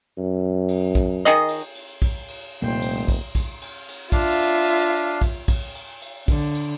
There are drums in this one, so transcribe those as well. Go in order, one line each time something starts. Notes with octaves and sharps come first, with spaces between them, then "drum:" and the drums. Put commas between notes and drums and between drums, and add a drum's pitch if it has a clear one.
F#2
drum: cymbal
drum: kick A#1
D#3 G#4 D#5
drum: cymbal
drum: cymbal
drum: kick A#1, cymbal
drum: cymbal
F1 C2 A#2 A3 A#3 C5 G5
drum: cymbal
drum: kick A#1, cymbal
drum: kick A#1, cymbal
drum: cymbal
drum: cymbal
D4 F4 E5 F5, drum: kick A#1, cymbal
drum: cymbal
drum: cymbal
drum: cymbal
drum: kick A#1, cymbal
drum: kick A#1, cymbal
drum: cymbal
drum: cymbal
D3, drum: kick A#1, cymbal
drum: cymbal